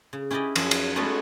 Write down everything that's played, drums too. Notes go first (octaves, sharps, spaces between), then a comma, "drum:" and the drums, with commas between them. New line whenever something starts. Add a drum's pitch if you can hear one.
C#3
C#4 E4 G4 B4 D5 D#5
F#2 F3 G#4, drum: cymbal
drum: cymbal
G#3 A3 B3 C#4 F#4 A4